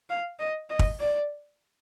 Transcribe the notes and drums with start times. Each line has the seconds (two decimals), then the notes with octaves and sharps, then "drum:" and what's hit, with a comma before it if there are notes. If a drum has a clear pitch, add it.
0.10 F5
0.40 D#5
0.70 D#5
0.79 drum: kick
1.00 D5